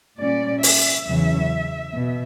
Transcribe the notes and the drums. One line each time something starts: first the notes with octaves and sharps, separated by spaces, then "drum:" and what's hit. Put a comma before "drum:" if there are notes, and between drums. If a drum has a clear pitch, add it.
A#2 G3 C#4 D5
E5, drum: open hi-hat
E2 C#3 F#3 C#4
B2